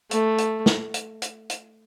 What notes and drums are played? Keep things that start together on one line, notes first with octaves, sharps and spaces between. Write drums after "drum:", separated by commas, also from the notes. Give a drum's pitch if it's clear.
A3, drum: hi-hat
drum: hi-hat
drum: snare
drum: hi-hat
drum: hi-hat
drum: hi-hat